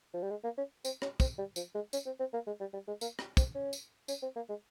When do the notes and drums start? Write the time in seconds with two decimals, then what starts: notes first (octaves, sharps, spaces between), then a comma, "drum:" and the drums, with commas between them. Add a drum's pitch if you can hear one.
0.14 F3
0.23 G3
0.30 G#3
0.44 A#3
0.58 C#4
0.85 C4, drum: tambourine
1.02 C#4, drum: rim click
1.20 C4, drum: kick, tambourine
1.38 G3
1.56 F3, drum: tambourine
1.75 G#3
1.93 C#4, drum: tambourine
2.06 C4
2.19 C4
2.33 A#3
2.47 G#3
2.60 G3
2.73 G3
2.88 G#3
3.01 A#3, drum: tambourine
3.19 drum: rim click
3.37 C4, drum: kick, tambourine
3.55 C#4
3.73 drum: tambourine
4.08 C#4, drum: tambourine
4.22 C4
4.36 A#3
4.49 G#3